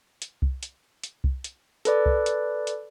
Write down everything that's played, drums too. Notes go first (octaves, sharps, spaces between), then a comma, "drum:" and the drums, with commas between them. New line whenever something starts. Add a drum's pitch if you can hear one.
drum: hi-hat
drum: kick C2
drum: hi-hat
drum: hi-hat
drum: kick C2
drum: hi-hat
A4 B4 D5, drum: hi-hat
drum: kick C2
drum: hi-hat
drum: hi-hat